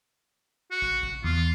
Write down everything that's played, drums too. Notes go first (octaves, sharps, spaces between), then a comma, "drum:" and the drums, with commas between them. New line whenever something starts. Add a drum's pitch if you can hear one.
F#4
drum: kick
drum: kick
E2 F4